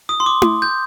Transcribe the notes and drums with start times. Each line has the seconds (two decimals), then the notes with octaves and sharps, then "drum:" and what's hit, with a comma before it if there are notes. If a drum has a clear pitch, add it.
0.09 D#6
0.20 C6
0.26 D6
0.42 drum: tom E4
0.62 G6